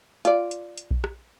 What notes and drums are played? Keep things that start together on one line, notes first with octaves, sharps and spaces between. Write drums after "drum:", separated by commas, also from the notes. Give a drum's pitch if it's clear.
F4 D5, drum: hi-hat
drum: hi-hat
drum: hi-hat
drum: kick A#1
drum: rim click